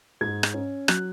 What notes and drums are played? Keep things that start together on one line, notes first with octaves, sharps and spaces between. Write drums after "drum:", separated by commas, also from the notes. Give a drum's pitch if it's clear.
G#2 G#6
drum: rim click
C#4
F#3 F#6, drum: rim click